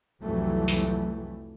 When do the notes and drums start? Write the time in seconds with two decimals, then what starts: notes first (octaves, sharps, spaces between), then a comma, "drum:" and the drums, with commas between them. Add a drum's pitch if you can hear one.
0.24 C2 F2 E3 F#3 G3 A3
0.68 drum: open hi-hat